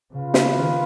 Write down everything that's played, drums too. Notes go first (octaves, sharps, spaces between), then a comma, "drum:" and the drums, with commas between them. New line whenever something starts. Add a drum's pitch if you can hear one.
C#3 F4 B4 F5
drum: snare
D#3